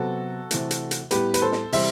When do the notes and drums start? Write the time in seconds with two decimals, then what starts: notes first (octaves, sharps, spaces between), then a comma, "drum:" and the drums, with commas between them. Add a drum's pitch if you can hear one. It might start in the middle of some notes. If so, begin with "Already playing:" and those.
Already playing: C3 F#3 B3 F#4 A4
0.51 C3 E3 A3, drum: hi-hat
0.71 drum: hi-hat
0.91 drum: hi-hat
1.11 A2 G3 B3 G4 B4, drum: hi-hat
1.34 B4, drum: hi-hat
1.41 A4 C5
1.52 drum: snare
1.72 C3 E3 G3 C4 C5 E5, drum: open hi-hat